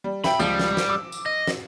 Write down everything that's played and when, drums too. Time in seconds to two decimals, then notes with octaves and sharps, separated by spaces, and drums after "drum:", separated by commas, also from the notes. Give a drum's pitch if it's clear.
0.04 G3
0.24 E5 G5 B5, drum: snare
0.40 C#2 F3 G3, drum: tambourine
0.59 drum: snare
0.77 drum: snare
0.89 D6 E6
1.12 drum: tambourine
1.26 D#5
1.47 drum: snare